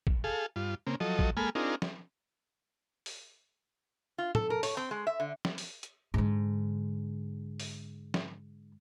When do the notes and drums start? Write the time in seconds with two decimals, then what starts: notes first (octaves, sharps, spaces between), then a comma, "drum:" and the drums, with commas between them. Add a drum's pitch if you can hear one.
0.07 drum: kick
0.24 G#4 A4 F5
0.56 G2 F4
0.87 C#3 A#3 C4
1.00 F3 F#3 A4 D#5
1.19 drum: kick
1.37 G#3 A#3 A4 G#5 B5 F6
1.55 C4 D4 D#4 F4 G#4 A#4
1.82 drum: snare
3.06 drum: open hi-hat
4.18 F4
4.35 A4, drum: tom
4.50 A#4
4.63 C#5, drum: open hi-hat
4.77 C4
4.91 G#3
5.07 E5
5.20 D3
5.45 drum: snare
5.58 drum: open hi-hat
5.83 drum: hi-hat
6.14 G#2 D3
7.60 drum: open hi-hat
8.14 drum: snare